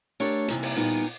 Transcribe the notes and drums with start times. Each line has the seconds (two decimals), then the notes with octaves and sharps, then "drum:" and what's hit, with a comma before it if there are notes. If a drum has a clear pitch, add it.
0.20 A3 D4 G4 A#4 C#5
0.48 C3 E3 G3 A#3 D#4, drum: hi-hat
0.63 drum: open hi-hat
0.76 A#2 G3 B3 D#4